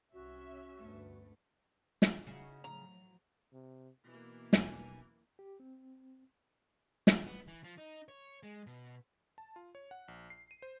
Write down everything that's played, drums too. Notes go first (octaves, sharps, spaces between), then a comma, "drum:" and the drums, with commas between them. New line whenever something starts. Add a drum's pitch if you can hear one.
C2 C#4 F#4 E5
D2 G2 A3 B3
drum: snare
C#3 D#4 E4 F#4
A2 F3 F#3 A#5
C3
B2 E3 A#3
B1 E2 F#3 C#4 D#4 G#5, drum: snare
G4
C4
drum: snare
B3
E3
F3
D#4
C#5
G#3
B2
A5
F4
C#5
F#5
A#1
C7
D#7
C5